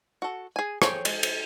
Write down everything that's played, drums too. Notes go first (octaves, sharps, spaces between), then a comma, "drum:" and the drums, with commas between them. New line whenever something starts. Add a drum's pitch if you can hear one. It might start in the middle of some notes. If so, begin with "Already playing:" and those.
F#4 A4
G#4 G#5
G#4 A4 C5 C#5 G5, drum: rim click
G#3, drum: cymbal
drum: cymbal